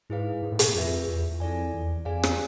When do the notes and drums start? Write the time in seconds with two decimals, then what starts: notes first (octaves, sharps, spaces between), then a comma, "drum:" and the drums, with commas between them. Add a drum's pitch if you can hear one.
0.10 G#2 E4 G#4 B4 F5
0.42 G#2
0.51 A2
0.59 B2, drum: hi-hat
0.68 A2
0.75 F2 F4 G#4 B4 E5
1.07 E2
1.30 E2
1.40 F2 E4 A4 D5 G#5
1.74 E2
2.05 F2 G#4 D5 F5 G#5
2.23 drum: rim click